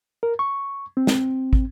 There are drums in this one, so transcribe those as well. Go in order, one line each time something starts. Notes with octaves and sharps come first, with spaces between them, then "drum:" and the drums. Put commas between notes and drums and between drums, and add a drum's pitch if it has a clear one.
A#4
C#6
C4
drum: snare
drum: kick